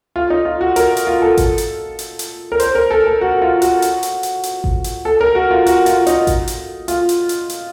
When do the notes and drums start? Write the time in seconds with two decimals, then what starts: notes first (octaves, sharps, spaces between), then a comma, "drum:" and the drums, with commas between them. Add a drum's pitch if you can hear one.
0.16 F4
0.30 D#4
0.45 F4
0.61 F#4
0.76 A#4, drum: hi-hat
0.97 drum: hi-hat
1.07 F4
1.22 A4
1.37 drum: kick G#1, hi-hat
1.58 drum: hi-hat
1.99 drum: hi-hat
2.19 drum: hi-hat
2.52 A#4
2.60 C5, drum: hi-hat
2.75 A#4
2.91 A4
3.06 A4
3.21 F#4
3.42 F4
3.62 F#4, drum: hi-hat
3.82 drum: hi-hat
4.03 drum: hi-hat
4.23 drum: hi-hat
4.43 drum: hi-hat
4.64 drum: kick G#1
4.84 drum: hi-hat
5.05 A4
5.21 A#4
5.35 F#4
5.51 F4
5.66 F#4, drum: hi-hat
5.86 F4, drum: hi-hat
6.07 D#4, drum: hi-hat
6.27 drum: kick G#1, hi-hat
6.48 drum: hi-hat
6.88 F4, drum: hi-hat
7.09 drum: hi-hat
7.29 drum: hi-hat
7.50 drum: hi-hat